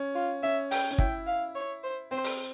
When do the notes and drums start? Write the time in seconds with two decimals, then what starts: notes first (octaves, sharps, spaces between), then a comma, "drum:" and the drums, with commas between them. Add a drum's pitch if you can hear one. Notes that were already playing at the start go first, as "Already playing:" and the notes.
Already playing: C#4
0.15 F4
0.43 C#4 E5
0.71 G5, drum: open hi-hat
0.91 C#4
0.98 E4 G5, drum: kick
1.27 F5
1.55 C#5
1.83 C5
2.11 C4 C5
2.24 drum: open hi-hat